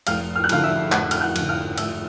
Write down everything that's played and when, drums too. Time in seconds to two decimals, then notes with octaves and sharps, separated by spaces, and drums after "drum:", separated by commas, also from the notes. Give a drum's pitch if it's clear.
0.07 F1 F5 F6, drum: cymbal
0.36 F6
0.44 F#6
0.49 F2 D3 F5 F6, drum: cymbal
0.64 E5 E6
0.92 F1 F#5 F#6, drum: clap
1.11 F6, drum: cymbal
1.21 F#5 F#6
1.36 F2 D3, drum: cymbal
1.49 F5 F6
1.78 F1 E5 E6, drum: cymbal